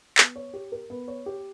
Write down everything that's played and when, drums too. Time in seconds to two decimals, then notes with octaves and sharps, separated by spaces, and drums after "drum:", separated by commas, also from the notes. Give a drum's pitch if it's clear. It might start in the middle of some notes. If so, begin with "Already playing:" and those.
0.18 B3, drum: clap
0.36 C#5
0.54 G4
0.72 A#4
0.90 B3
1.08 C#5
1.26 G4